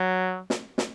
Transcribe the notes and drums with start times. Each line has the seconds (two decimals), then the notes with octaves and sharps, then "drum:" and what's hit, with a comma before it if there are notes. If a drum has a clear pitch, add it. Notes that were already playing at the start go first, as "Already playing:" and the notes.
Already playing: F#3
0.50 drum: snare
0.78 drum: snare